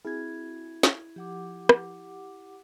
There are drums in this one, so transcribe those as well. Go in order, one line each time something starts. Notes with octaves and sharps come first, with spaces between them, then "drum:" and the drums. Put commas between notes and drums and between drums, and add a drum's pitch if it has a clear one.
C4 E4 F#4 G#4 G#6
drum: snare
F3 G4 F#5 D6
drum: rim click